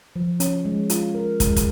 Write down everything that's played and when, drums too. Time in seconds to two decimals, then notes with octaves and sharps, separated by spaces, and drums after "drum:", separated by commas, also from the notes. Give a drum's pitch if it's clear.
0.16 F3
0.40 C#4, drum: hi-hat
0.65 G#3
0.90 F4, drum: hi-hat
1.15 A#4
1.40 G#3, drum: kick, hi-hat
1.56 drum: kick, hi-hat